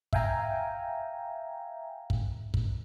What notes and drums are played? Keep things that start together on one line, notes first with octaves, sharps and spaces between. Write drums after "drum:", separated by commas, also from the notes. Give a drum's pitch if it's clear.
E5 F5 G5 G#5 A#5, drum: kick
drum: kick
drum: kick